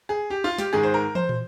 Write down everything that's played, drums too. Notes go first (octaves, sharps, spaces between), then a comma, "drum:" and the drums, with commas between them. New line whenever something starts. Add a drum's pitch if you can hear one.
G#4
G4
F4
G4, drum: snare
G#2 D#3 G#3 G#4
C5
A#4
C5, drum: tom
drum: tom